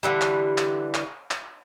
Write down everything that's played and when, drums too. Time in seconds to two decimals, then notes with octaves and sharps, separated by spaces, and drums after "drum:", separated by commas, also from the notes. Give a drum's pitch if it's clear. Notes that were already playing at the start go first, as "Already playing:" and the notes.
0.03 D3 E3 G3
0.21 drum: clap
0.58 drum: clap
0.94 drum: clap
1.31 drum: clap